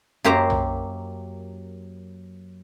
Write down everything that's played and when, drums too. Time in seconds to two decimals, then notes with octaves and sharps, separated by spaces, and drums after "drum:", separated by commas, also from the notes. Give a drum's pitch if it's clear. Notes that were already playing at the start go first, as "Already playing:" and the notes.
0.24 F#2 A#3 G4 C5 A#5
0.50 drum: tom B1